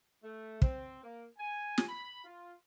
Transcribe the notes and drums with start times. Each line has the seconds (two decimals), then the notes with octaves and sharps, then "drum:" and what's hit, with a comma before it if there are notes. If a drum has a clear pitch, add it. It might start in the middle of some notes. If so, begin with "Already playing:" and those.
0.23 A3
0.62 C4, drum: kick
1.04 A#3
1.38 G#5
1.78 drum: snare
1.88 B5
2.24 F4